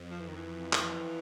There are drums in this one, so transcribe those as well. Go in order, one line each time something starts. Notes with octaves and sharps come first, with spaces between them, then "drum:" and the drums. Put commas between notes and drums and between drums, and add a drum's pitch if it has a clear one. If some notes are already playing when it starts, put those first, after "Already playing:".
Already playing: F2
F3
E3
D#3
E3
drum: clap